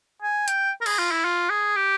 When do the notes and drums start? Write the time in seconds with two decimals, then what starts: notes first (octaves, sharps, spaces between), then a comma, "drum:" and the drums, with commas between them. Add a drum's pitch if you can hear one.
0.22 G#5
0.48 G5, drum: hi-hat
0.81 A#4
0.86 G#4, drum: cymbal
0.99 F4
1.11 E4
1.24 F4
1.50 G#4
1.76 G4